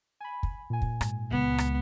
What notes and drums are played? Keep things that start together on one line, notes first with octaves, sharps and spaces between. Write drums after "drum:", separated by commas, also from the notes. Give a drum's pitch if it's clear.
G#5 B5
drum: kick
A#2 G#5
drum: kick
G#2, drum: rim click
C#2 G#3 B3
drum: rim click